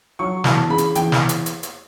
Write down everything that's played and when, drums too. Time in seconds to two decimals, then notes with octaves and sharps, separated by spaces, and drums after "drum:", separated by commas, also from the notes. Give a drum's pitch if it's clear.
0.19 F#3 C#6
0.44 E2 A5, drum: snare
0.69 C#3 B5
0.78 drum: hi-hat
0.95 E2 G5, drum: hi-hat
1.12 drum: snare
1.29 drum: hi-hat
1.46 drum: hi-hat
1.63 drum: hi-hat